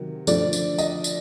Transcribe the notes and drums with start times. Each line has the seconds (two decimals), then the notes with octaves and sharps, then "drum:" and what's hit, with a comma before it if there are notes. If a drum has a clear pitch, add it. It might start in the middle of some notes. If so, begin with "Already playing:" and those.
Already playing: C3 D#3 F#3
0.27 D3 F3 A3 D5, drum: tambourine
0.53 drum: tambourine
0.78 D#5, drum: tambourine
1.04 drum: tambourine